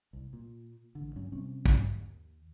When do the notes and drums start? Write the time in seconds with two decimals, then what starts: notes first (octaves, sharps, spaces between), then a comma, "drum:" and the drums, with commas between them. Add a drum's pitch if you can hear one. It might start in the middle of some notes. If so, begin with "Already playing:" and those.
0.13 C2
0.33 A#2
0.95 A1 D3
1.15 D2 G2 F#3 C#4
1.32 C3 G3 C4 C#4
1.66 drum: kick
1.96 D#2